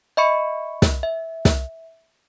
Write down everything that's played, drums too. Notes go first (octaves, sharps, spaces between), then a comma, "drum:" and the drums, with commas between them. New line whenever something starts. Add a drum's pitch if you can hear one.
D#5 E5 B5 C#6 C#7
drum: snare
E5
drum: snare